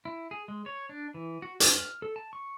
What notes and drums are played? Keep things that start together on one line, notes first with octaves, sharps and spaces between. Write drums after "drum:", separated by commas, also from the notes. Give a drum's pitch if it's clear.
E4
G#4
G#3
C#5
D4
E3
F#4
D4, drum: hi-hat
F6
A4
A5
C#6